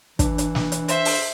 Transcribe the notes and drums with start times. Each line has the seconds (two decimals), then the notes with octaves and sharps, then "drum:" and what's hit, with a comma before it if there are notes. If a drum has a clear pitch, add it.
0.19 E3 D4, drum: kick, hi-hat
0.38 drum: hi-hat
0.55 drum: snare
0.72 drum: hi-hat
0.88 C5 E5, drum: hi-hat
1.05 drum: open hi-hat